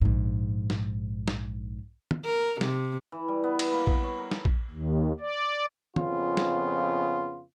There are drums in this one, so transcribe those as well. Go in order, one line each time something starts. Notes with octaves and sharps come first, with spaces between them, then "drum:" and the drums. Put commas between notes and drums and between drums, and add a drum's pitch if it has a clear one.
A#1 G#2
drum: snare
drum: snare
drum: tom
A#4
C3, drum: snare
E3
G3
B3
B4, drum: cymbal
A#3
B3, drum: kick
C#5
A#4
A4, drum: snare
drum: kick
D#2
D5
F2 C#3 B3 F4, drum: tom
drum: snare